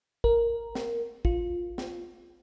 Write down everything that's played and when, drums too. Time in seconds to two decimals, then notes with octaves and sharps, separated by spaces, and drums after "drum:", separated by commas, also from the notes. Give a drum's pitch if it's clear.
0.24 A#4, drum: kick
0.75 drum: snare
1.25 F4, drum: kick
1.78 drum: snare